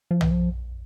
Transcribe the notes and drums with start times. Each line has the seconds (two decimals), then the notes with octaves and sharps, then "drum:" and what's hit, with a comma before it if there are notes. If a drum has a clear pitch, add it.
0.11 F3
0.21 E3, drum: tom
0.31 F3